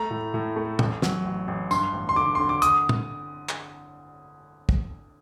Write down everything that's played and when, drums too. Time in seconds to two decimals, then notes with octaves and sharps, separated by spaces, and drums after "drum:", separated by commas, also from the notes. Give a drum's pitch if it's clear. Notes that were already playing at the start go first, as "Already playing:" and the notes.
Already playing: A3 A#5
0.11 A2
0.34 A2
0.56 A3
0.79 A1, drum: tom
1.02 F#3, drum: snare
1.25 A1
1.48 A1
1.71 G2 C6, drum: tambourine
1.93 A1
2.09 C6
2.16 D3 D6
2.35 D3 C6
2.49 D6
2.62 D#6, drum: hi-hat
2.89 drum: tom
3.49 drum: clap
4.69 drum: kick